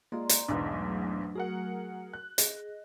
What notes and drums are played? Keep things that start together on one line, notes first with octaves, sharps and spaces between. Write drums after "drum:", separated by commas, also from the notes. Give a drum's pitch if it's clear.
G#3 A#3 F4 D5 A#5 C6
drum: hi-hat
B1 E2 G#2 D4
F#3 A3
F#4 G#4 A#4 F#5
F#6
G#4 D#5, drum: hi-hat